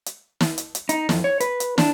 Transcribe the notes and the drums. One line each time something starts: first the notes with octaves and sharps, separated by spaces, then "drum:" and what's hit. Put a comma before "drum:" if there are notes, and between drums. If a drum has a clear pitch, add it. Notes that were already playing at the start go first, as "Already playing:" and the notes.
drum: hi-hat
drum: snare
drum: hi-hat
drum: hi-hat
D#4, drum: hi-hat
F2, drum: snare
C#5
B4, drum: hi-hat
drum: hi-hat
D4, drum: snare